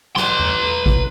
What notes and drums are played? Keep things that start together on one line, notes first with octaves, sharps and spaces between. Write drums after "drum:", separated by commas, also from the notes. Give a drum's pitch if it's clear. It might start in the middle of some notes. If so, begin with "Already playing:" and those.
B4 C6, drum: snare
drum: tom E2
drum: kick G#1